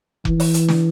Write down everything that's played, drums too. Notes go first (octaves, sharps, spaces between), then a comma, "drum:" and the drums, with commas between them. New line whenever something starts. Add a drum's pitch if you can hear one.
E3, drum: kick F1
drum: open hi-hat
drum: hi-hat
drum: snare